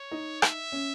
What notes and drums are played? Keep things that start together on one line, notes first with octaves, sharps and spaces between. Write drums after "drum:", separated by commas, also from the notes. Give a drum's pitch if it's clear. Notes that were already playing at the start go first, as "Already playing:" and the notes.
Already playing: C#5
D#4
E5, drum: rim click
C#4